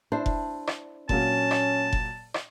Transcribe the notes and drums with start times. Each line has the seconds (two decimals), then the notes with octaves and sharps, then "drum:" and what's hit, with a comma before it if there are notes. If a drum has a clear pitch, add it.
0.12 D4 E4 C5
0.26 drum: kick F1
0.67 drum: rim click
1.09 A#2 F#3 A#3 C#4 A5, drum: kick F1
1.51 drum: rim click
1.93 drum: kick F1
2.34 drum: rim click